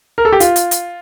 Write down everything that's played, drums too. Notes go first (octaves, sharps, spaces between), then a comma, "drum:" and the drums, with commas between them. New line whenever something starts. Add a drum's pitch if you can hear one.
A#4
A4
G4
F4, drum: hi-hat
drum: hi-hat
drum: hi-hat